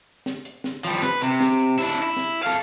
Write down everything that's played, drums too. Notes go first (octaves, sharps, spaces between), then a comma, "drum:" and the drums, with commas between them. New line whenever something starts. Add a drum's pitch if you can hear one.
drum: snare
drum: hi-hat
drum: snare
F3 G3, drum: hi-hat
B4, drum: snare
C3, drum: hi-hat
drum: snare
drum: hi-hat
D4 E4, drum: snare
E4
drum: snare
A4 F5